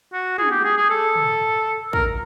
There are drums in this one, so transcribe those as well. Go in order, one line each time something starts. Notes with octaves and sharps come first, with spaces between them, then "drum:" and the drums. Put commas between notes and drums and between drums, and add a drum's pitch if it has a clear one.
F#4
G#4, drum: tom
G4
G#4
G#4
A4
drum: tom
A#4, drum: kick